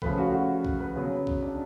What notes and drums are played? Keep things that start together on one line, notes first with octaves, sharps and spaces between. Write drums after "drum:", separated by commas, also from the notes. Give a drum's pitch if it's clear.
C#3 F3 A3 B4 B5, drum: kick
F#4 F#5
F5
F#4 F#5
drum: kick
B4
C#3 F#3 B3
drum: kick
D4 D5